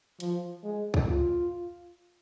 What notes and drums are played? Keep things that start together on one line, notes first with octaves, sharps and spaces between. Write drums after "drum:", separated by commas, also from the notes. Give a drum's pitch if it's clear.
F3, drum: hi-hat
G#3
drum: kick C2
F4